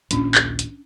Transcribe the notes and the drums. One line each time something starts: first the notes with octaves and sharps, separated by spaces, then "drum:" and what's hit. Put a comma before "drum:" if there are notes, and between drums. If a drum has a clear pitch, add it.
A#1 D#2 C#4 D4, drum: hi-hat
drum: clap
drum: hi-hat